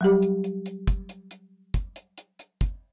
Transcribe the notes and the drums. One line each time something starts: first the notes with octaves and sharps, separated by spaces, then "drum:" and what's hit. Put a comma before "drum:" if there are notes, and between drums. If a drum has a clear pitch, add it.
F#3 G3 G4
drum: hi-hat
drum: hi-hat
drum: hi-hat
drum: kick, hi-hat
drum: hi-hat
drum: hi-hat
drum: kick, hi-hat
drum: hi-hat
drum: hi-hat
drum: hi-hat
drum: kick, hi-hat